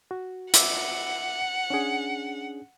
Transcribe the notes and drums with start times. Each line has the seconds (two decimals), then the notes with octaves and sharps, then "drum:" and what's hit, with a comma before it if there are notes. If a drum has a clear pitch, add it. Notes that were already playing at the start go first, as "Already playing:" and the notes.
0.11 F#4
0.54 E5 F#5 D6 E6, drum: hi-hat
1.70 C#4 D4 G#4